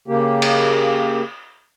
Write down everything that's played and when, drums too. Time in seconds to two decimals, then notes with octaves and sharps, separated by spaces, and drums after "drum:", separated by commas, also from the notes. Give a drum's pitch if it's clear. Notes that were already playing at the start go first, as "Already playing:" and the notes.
0.08 C#3 A#3 G4
0.42 drum: cymbal